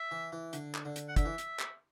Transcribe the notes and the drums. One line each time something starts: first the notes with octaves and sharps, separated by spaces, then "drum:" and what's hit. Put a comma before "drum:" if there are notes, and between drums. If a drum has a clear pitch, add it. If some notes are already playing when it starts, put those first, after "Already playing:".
Already playing: E5
E3
E3
D3, drum: hi-hat
drum: clap
D3
drum: hi-hat
F#5
D3 E5, drum: kick, hi-hat
E3
drum: hi-hat
drum: clap